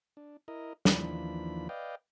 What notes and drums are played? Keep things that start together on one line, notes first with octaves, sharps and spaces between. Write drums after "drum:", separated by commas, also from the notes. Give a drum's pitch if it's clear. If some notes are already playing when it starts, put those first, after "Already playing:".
D4
E4 A#4 D#5
D#2 E3 F3 D4 B5, drum: snare
B4 D5 D#5 F5 G5